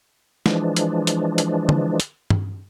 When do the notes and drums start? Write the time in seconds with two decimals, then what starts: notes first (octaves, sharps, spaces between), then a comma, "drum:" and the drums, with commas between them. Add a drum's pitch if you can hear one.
0.46 E3 F3 G#3 D4, drum: snare
0.76 drum: hi-hat
1.07 drum: hi-hat
1.38 drum: hi-hat
1.69 drum: tom
2.00 drum: hi-hat
2.30 drum: tom G2